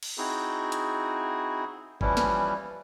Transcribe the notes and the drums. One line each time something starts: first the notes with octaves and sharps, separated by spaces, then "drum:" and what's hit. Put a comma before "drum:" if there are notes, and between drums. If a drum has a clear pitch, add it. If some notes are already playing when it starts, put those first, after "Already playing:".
drum: cymbal
C4 D#4 E4 F#4 G#4
drum: hi-hat
E3 F3 G3 C#4 E4, drum: kick
drum: snare